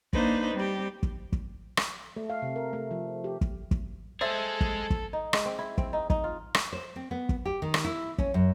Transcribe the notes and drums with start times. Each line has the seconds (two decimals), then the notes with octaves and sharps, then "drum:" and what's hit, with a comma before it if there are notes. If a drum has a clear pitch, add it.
0.13 A#3 D4 D#4 B4 C5, drum: kick
0.54 G3 C4 G4
1.03 drum: kick
1.32 drum: kick
1.77 drum: rim click
2.17 A3
2.30 F5
2.42 C3
2.56 A#4
2.73 A3
2.91 F3
3.24 G4
3.41 drum: kick
3.71 drum: kick
4.21 G#3 G#4 A4 C5 E5 A6
4.61 drum: kick
4.90 drum: kick
5.13 D#4
5.33 G#3, drum: rim click
5.46 C4
5.59 E4
5.78 C4, drum: kick
5.93 D#4
6.10 D#4, drum: kick
6.24 F4
6.54 drum: rim click
6.73 C5
6.96 C4
7.11 B3
7.29 drum: kick
7.45 G4
7.62 D#3
7.74 drum: rim click
7.84 E4
8.18 C#4, drum: kick
8.34 F#2